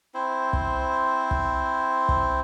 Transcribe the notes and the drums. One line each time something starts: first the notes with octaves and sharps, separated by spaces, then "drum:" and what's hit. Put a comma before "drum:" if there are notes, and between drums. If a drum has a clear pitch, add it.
C4 E4 C5
drum: kick
drum: kick
drum: kick